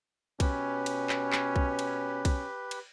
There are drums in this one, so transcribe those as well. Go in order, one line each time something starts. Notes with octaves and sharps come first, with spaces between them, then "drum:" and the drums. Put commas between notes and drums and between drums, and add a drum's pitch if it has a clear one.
B2 C#4 G4 B4, drum: kick B1, cymbal
drum: cymbal
drum: clap
drum: clap
drum: kick B1
drum: cymbal
drum: kick B1, cymbal
drum: cymbal